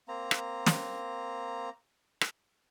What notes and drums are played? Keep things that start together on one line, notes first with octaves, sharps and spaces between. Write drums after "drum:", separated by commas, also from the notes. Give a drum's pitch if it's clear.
A#3 C4 A#5
drum: rim click
drum: snare
drum: rim click